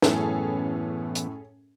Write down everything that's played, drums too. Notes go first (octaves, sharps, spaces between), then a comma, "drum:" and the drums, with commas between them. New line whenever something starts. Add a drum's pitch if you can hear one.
F#2 A2 E3 B3 C#4 G#4 A4, drum: snare
drum: hi-hat